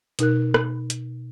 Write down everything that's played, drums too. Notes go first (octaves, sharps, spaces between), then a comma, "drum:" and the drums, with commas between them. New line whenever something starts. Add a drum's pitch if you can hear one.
B2 D#4 A#4 F#6, drum: hi-hat
drum: rim click
drum: hi-hat